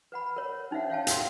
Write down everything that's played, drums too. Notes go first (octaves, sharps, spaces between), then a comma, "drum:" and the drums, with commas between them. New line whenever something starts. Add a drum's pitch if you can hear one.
B4 F#5 B5
A#4 C#5
C#4 D#4 C5 E5 F#5
C#5 F5 G5 A5
F5 C6, drum: hi-hat